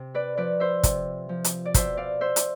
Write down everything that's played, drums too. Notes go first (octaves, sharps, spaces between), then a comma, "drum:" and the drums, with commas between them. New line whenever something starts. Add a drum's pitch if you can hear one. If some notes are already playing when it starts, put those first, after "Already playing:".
Already playing: C3
B4 D5
F3 B4 D5
C5 E5
C3, drum: kick, hi-hat
F3
drum: hi-hat
D5
B2 C5 E5, drum: kick, hi-hat
D5 F5
C5 E5
drum: hi-hat